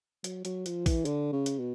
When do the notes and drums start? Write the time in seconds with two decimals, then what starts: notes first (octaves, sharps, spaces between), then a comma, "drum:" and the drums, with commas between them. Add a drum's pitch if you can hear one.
0.24 F#3, drum: hi-hat
0.45 F#3, drum: hi-hat
0.66 F3, drum: hi-hat
0.86 E3, drum: kick A#1, open hi-hat
1.05 D3, drum: hi-hat
1.33 C#3
1.46 drum: hi-hat
1.59 B2